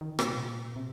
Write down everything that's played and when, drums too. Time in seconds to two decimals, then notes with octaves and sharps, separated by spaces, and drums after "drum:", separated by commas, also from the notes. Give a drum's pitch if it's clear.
0.01 D#3
0.19 A#2, drum: rim click
0.29 C3
0.38 A#2
0.76 C3